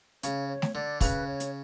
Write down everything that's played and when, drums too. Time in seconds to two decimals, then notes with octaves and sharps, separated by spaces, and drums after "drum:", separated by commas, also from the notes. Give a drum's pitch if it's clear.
0.23 C#3 C#5, drum: hi-hat
0.49 C#5
0.62 drum: snare A3
0.75 D3 D5
1.01 C#3 B4, drum: kick, open hi-hat
1.27 C#5
1.40 drum: hi-hat